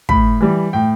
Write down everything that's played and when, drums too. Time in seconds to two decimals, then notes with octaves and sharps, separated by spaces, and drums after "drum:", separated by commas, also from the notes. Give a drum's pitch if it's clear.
0.09 A2 B5, drum: kick
0.41 E3 G3
0.73 A2 G5